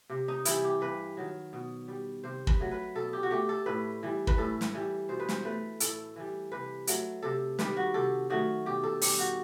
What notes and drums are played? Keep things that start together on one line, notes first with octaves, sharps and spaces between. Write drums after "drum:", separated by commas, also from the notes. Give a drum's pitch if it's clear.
C3
D#4
E3 G3 E4, drum: hi-hat
G4
G2 B4
D#3 F#3
B2
G3
C3 C5
B4, drum: kick
F#3 A3
B4
B2 A4
G4
F#4
A3 G4
A4
A2 B4
E3 G3
B4, drum: kick
A2 A4
drum: snare
E3 G3
B2 C5
B4
C5, drum: snare
A3 B4
A2 A4, drum: hi-hat
E3 G3
C3 B4
F#3 A3, drum: hi-hat
C3 A4
D#3 G3 B4, drum: snare
F#4
C3 A4
D#3 F#3 A3 F#4
B2 G4
A4
G3 G4, drum: open hi-hat
F#4